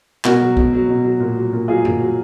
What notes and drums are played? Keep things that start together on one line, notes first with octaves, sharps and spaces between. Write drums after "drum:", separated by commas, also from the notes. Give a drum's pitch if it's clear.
B2 F#4 A#4, drum: clap
F#3
B2, drum: kick
F#3
B2
F#3
A#2
F#3
A#2
F#3 F4 G#4
A#2, drum: tom F#2
F#3